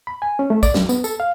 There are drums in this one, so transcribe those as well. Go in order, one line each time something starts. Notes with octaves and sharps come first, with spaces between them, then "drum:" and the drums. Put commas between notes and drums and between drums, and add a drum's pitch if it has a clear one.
B5
G#5
C#4
A3
D5, drum: kick A1, tambourine
F#2, drum: snare
B3, drum: tambourine
A4, drum: tambourine
F5